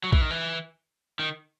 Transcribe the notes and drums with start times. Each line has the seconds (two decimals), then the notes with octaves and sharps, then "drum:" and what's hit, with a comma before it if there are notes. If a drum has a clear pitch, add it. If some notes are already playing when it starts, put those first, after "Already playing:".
0.04 F#3
0.12 E3, drum: kick
0.21 D#3
0.31 E3
1.19 D#3